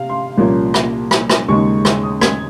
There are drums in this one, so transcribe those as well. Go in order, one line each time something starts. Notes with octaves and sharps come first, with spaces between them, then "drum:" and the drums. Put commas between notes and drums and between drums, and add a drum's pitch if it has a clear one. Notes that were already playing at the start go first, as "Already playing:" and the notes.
Already playing: C3 F5
C6
C2 A#2 F3 A#3 C#4
drum: rim click
drum: rim click
drum: rim click
D#2 C#3 G#3 D#4 C#6
drum: rim click
D#6
G#6, drum: rim click